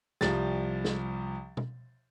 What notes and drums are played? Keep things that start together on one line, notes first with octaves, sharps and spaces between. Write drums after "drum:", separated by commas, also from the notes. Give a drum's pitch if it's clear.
C2 F3 G3 A6, drum: snare
drum: snare
drum: tom B2